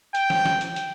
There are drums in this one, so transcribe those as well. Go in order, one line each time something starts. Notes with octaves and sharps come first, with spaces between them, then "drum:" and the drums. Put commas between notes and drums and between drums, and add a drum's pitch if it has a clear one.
G5, drum: hi-hat
drum: snare
drum: snare
drum: hi-hat
drum: hi-hat